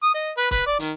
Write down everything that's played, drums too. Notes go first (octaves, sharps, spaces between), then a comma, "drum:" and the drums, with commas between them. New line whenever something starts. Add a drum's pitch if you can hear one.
D#6
D#5
B4
B4, drum: kick, hi-hat
D5
D#3, drum: hi-hat